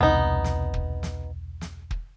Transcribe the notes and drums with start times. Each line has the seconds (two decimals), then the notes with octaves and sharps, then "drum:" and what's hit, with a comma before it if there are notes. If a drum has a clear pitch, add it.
0.01 E1 C2 B3 D#4
0.44 drum: snare
0.74 drum: kick
1.03 drum: snare
1.61 drum: snare
1.91 drum: kick